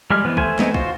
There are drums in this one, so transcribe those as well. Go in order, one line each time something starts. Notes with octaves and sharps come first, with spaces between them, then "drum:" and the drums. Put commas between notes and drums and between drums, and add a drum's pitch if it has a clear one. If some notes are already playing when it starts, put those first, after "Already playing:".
G3 G#3 G4 F6
E3 B3 C4
A3 C5 G#5, drum: kick
G#3 A3 B3 C4 D#4, drum: snare
F4 F#4 C5, drum: kick